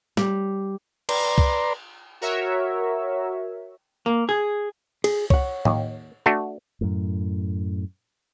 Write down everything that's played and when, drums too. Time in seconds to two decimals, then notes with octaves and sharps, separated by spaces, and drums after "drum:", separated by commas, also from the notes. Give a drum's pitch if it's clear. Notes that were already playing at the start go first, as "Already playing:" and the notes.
0.17 G3, drum: snare
1.09 B4 D5 A#5 C6, drum: cymbal
1.38 drum: kick C2
2.21 F#4 A#4 C#5 E5
4.06 A#3
4.29 G#4
5.04 G#4, drum: cymbal
5.30 C#5 F#5, drum: kick C2
5.65 D#2, drum: tom A2
6.26 A3 D4 F#4
6.81 F#2 A2